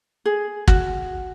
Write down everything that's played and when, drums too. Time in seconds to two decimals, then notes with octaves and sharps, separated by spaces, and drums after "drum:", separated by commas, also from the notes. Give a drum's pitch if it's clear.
0.25 G#4
0.68 F#4, drum: kick